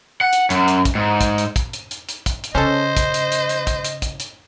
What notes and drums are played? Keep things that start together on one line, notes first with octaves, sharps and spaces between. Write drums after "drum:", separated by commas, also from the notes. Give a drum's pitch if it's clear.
F#5
drum: hi-hat
F#2, drum: hi-hat
drum: hi-hat
drum: kick, hi-hat
G#2
drum: kick, hi-hat
drum: hi-hat
drum: kick, hi-hat
drum: hi-hat
drum: hi-hat
drum: hi-hat
drum: kick, hi-hat
drum: hi-hat
C#3 C#4 A4 C5 D#5
drum: kick, hi-hat
drum: hi-hat
drum: hi-hat
drum: hi-hat
drum: kick, hi-hat
drum: hi-hat
drum: kick, hi-hat
drum: hi-hat